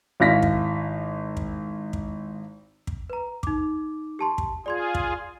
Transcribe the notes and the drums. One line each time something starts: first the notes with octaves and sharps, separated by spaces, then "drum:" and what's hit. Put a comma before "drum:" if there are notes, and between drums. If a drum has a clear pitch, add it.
G#1 E4 F5 A#6 B6
drum: kick
drum: kick
drum: kick
drum: kick
B4 A#5
D#4 D6, drum: kick
G4 A5 C6
drum: kick
F4 G#4 D5 C6 G#6
drum: kick